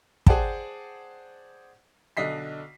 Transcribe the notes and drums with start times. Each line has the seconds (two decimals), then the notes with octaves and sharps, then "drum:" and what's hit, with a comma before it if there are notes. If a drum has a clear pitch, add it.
0.26 G#4 C5 D5 F#5 G5 A5, drum: kick
2.17 B1 D3 D#5 B6 C7